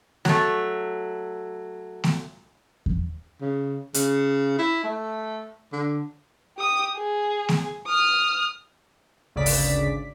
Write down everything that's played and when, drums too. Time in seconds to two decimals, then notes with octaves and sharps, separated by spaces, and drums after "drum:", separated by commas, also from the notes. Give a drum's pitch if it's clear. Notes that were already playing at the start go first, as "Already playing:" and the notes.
0.25 F#3 A3, drum: snare A3
2.04 drum: snare A3
2.86 drum: kick E2
3.41 C#3
3.94 C#3, drum: hi-hat
4.59 E4
4.84 A3
5.72 D3
6.57 G4 D#6
6.97 G#4
7.49 drum: snare A3
7.87 D#6 F6
9.36 G#1 D2 C#3 D5 B6
9.46 drum: open hi-hat